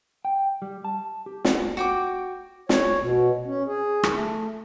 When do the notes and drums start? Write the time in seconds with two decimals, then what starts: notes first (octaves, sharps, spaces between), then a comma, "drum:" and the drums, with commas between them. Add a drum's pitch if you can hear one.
0.25 G5
0.62 G3
0.84 A5
1.26 G4
1.45 B3, drum: snare
1.77 F#4 G5 D6
2.69 C#5, drum: snare
3.00 B2
3.46 C#4
3.66 G#4
4.03 drum: rim click
4.13 A3